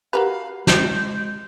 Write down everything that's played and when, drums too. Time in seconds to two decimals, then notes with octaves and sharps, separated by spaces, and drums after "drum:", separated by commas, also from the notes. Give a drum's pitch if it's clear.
0.13 F#4 G4 A#4 B4 F5
0.67 G#3 G6, drum: snare